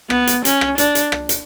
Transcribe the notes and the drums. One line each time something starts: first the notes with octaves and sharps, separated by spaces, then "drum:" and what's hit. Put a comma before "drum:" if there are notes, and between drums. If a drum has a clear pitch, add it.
B3, drum: rim click
drum: hi-hat
C#4, drum: hi-hat
drum: rim click
D4, drum: hi-hat
drum: hi-hat
drum: rim click
drum: hi-hat